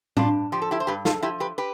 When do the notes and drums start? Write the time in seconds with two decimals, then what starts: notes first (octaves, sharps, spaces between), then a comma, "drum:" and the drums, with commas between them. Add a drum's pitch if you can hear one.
0.17 G2 D4 F4, drum: tom A2
0.52 F3 G4
0.62 A4
0.71 E4 G4
0.80 C5
0.87 G2 G4 B4
1.05 F4 A4, drum: snare
1.23 F3 E4 G4
1.40 G4 B4
1.58 G4 B4